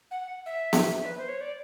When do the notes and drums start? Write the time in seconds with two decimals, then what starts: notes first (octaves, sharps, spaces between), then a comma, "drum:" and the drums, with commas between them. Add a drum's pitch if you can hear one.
0.11 F#5
0.46 E5
0.73 drum: snare B3
1.05 B4
1.18 C5
1.29 C#5
1.41 D5